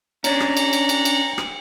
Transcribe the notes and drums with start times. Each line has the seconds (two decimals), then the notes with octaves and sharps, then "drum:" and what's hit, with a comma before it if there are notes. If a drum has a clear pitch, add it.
0.24 C#4 D4 A#5, drum: cymbal
0.40 drum: rim click
0.57 drum: cymbal
0.73 drum: cymbal
0.89 drum: cymbal
1.05 drum: cymbal
1.38 drum: rim click